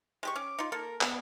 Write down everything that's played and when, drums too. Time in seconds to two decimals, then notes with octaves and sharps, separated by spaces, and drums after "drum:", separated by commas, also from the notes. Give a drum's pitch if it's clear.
0.23 G#3 G4 C#6
0.36 C#4 D6
0.59 D#4 F4
0.72 A#3 A4 A#4
1.01 B3, drum: clap